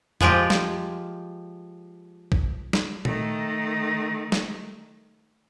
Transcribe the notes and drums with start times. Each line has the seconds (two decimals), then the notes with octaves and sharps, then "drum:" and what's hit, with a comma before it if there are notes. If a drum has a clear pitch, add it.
0.21 F3 G#3 F4 G4 A#4, drum: tom F2
0.50 drum: snare
2.32 drum: kick A#1
2.73 drum: snare
3.05 D#3 A3, drum: tom A#2
4.32 drum: snare